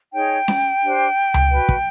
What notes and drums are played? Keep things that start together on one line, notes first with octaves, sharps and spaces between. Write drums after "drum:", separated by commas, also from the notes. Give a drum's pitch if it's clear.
D#4 G#4 C#5 G5
drum: snare C#4
D4 G4 C5
drum: tom C#2
F#4 B4
drum: kick